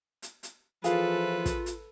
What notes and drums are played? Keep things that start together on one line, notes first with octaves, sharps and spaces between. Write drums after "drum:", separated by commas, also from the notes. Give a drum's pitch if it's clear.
drum: hi-hat
drum: hi-hat
E3 F3 F4 G#4 A4 B4 F5, drum: hi-hat
drum: kick, hi-hat
drum: hi-hat